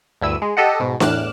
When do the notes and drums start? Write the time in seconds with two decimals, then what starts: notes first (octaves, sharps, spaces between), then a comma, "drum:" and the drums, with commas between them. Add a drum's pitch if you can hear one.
0.22 D2 G2 E4 E6 D#7
0.42 G#3
0.57 G4 A4 D#5 F#5
0.80 G#2 B2
1.00 E2 A2 D6 F6 F#6 E7, drum: snare D4